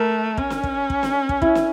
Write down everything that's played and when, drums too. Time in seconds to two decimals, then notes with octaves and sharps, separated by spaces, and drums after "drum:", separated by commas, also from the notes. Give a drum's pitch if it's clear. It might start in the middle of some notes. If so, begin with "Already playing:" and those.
Already playing: A3 A#4
0.37 C#4, drum: kick
0.50 drum: snare
0.63 drum: kick
0.90 drum: kick
1.03 drum: snare
1.29 drum: kick
1.42 E4, drum: kick
1.55 drum: snare